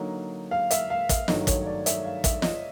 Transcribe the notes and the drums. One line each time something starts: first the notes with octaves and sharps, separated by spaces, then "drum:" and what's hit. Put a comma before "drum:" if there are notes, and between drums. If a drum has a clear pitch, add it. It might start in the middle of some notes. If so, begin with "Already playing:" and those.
Already playing: D3 F#3 A#3 D#4
F5
E5, drum: hi-hat
F5
E5, drum: kick, hi-hat
G2 D#3 F#3 A3 D#5, drum: snare
C#5, drum: kick, hi-hat
D5
E5, drum: hi-hat
F5
E5, drum: kick, hi-hat
D#5, drum: snare